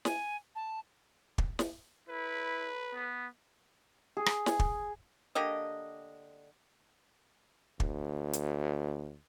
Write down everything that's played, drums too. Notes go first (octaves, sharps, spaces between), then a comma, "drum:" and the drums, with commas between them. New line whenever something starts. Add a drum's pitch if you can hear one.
G#5, drum: snare
A5
drum: kick
drum: snare
E4 B4
B3
G#4
drum: rim click
G#5, drum: snare
drum: kick
D3 A#3 G4 D#5
D2, drum: kick
drum: hi-hat